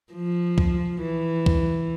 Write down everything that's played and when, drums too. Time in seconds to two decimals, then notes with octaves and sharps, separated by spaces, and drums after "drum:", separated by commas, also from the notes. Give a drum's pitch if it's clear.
0.13 F3
0.58 drum: kick
1.02 E3
1.46 drum: kick